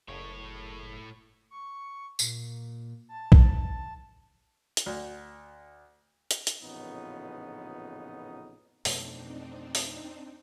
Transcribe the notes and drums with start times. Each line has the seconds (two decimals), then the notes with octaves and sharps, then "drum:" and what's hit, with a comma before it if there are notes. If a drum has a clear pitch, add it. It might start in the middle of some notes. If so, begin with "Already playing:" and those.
0.08 F#1 A2 C#5
1.51 C#6
2.19 A#2, drum: tambourine
3.09 A5
3.32 drum: kick A#1
4.77 drum: hi-hat
4.86 D2
6.31 drum: hi-hat
6.47 drum: hi-hat
6.62 A1 F2 A#2 C#3 B3 D#4
8.85 F2 B2 A3 C4 D4 D#4, drum: open hi-hat
9.75 drum: open hi-hat